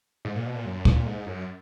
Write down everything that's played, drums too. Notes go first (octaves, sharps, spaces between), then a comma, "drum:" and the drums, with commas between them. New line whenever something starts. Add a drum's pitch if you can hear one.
G#2
A#2
B2
A#2
F#2
A#2, drum: kick
G#2
F#2